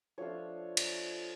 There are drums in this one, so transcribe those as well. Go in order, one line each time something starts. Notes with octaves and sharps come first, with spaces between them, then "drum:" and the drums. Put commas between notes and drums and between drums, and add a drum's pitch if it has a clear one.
F3 A3 D4 F4 C#5
drum: cymbal